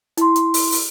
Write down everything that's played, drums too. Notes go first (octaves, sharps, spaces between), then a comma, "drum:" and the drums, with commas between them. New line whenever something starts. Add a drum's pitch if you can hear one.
E4 C6, drum: hi-hat
drum: hi-hat
drum: open hi-hat
drum: open hi-hat